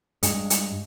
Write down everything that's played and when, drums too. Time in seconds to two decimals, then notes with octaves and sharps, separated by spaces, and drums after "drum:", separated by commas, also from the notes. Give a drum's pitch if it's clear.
0.23 G2 G#3, drum: hi-hat
0.50 drum: hi-hat